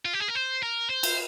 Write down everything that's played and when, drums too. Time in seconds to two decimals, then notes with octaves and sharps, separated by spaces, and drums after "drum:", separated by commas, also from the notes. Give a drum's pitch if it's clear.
0.05 F4
0.14 G4
0.20 G#4
0.28 A#4
0.35 C5
0.63 A#4
0.90 C5
1.03 drum: cymbal